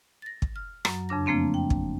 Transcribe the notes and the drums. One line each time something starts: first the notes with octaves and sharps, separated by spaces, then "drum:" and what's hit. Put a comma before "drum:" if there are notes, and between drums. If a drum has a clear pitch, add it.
A6 A#6
drum: kick
F6
F#2 F#3, drum: rim click
F2 C#3 D4 A#6
C#3 F3 A3 A#3 C4 D4
G5
drum: kick